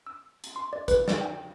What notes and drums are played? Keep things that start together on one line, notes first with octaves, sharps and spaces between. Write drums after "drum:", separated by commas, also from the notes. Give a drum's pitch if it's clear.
E6
drum: hi-hat
C6
D5
B4, drum: kick, hi-hat
D5, drum: snare
G5